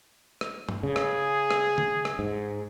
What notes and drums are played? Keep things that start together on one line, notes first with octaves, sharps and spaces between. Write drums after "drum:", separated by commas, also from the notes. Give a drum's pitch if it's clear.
drum: rim click
drum: tom
C#3 G#4
drum: rim click
drum: rim click
drum: tom C#3
drum: rim click
G#2